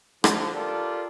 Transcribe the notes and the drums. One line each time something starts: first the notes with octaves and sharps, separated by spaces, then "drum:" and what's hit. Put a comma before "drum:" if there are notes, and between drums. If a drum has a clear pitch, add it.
D3 F3, drum: rim click
F4 G4 A4 A#4 D5